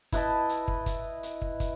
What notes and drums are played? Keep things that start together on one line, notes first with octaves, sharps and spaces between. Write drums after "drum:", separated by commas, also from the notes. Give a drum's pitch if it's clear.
E4 B4 D#5 A5, drum: kick, hi-hat
drum: hi-hat
drum: kick
drum: kick, hi-hat
drum: hi-hat
drum: kick
drum: kick, hi-hat